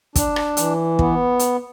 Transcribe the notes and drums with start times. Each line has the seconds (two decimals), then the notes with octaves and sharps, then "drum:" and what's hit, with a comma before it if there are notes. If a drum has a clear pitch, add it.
0.16 D4, drum: kick, hi-hat
0.36 drum: rim click
0.57 E3, drum: hi-hat
0.99 B3, drum: kick
1.39 drum: hi-hat